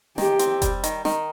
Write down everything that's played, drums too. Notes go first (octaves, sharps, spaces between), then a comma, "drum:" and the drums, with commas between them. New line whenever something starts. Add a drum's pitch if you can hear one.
D#3 G4, drum: snare
C4, drum: hi-hat
G3, drum: kick F1, hi-hat
D#3, drum: hi-hat
D#3, drum: snare